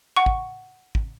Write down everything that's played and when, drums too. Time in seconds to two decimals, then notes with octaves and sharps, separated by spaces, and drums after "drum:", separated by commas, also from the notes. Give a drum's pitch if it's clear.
0.16 F#5 C#6
0.26 drum: kick
0.95 drum: kick